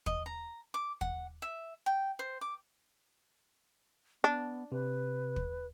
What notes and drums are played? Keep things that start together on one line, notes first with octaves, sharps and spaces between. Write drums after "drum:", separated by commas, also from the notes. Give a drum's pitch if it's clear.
D#5, drum: kick
A#5
D6
F#5, drum: kick
E5
G5
C5
D6
B3 D4
C3 B4
drum: kick